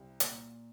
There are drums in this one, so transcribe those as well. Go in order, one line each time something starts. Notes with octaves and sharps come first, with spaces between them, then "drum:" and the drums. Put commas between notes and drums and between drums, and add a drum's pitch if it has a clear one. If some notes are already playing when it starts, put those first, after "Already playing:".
Already playing: C2
A#2, drum: hi-hat